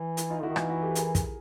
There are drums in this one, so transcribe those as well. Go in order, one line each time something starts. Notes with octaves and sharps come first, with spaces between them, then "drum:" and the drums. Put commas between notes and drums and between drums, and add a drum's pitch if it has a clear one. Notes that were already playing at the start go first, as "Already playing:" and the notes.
Already playing: E3
E4, drum: hi-hat
D#4 F4
D3 E4 F#4
D#3
E3 D#4 F4, drum: rim click
E4 F#4
G4 A4
B4
G#4 A#4, drum: hi-hat
drum: kick, hi-hat